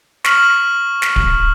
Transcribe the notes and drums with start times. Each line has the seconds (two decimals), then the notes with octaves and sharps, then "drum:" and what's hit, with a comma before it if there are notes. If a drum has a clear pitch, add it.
0.24 C#6 F6 F#7, drum: snare
1.02 drum: snare
1.16 drum: kick D1